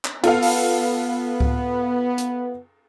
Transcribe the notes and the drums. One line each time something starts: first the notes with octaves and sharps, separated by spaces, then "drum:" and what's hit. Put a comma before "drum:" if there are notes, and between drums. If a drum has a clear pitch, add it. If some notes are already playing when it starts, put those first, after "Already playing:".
drum: clap
B3 F4 A4 F5, drum: cymbal
drum: open hi-hat
drum: kick C#2
drum: hi-hat